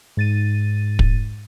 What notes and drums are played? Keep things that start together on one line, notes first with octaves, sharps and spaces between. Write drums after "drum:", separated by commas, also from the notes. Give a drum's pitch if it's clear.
G#2 A6 D#7
drum: kick